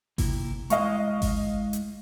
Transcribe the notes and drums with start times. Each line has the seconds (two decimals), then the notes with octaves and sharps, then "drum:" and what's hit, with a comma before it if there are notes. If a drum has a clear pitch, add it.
0.18 C3 A#3 E4, drum: kick G#1, open hi-hat
0.70 G#3 E4 D#5 F5 C#6, drum: hi-hat
1.22 drum: kick G#1, open hi-hat
1.73 drum: hi-hat